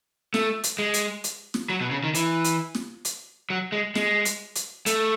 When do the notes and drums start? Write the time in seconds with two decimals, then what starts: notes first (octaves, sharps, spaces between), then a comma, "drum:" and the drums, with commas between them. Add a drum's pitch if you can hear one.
0.34 A3, drum: snare
0.64 drum: hi-hat
0.79 G#3
0.94 drum: hi-hat
1.24 drum: hi-hat
1.54 drum: snare
1.69 F#3
1.81 B2
1.91 C#3
2.04 D#3
2.15 E3, drum: hi-hat
2.45 drum: hi-hat
2.75 drum: snare
3.05 drum: hi-hat
3.50 F#3
3.72 G#3
3.95 G#3, drum: snare
4.25 drum: hi-hat
4.56 drum: hi-hat
4.86 A3, drum: hi-hat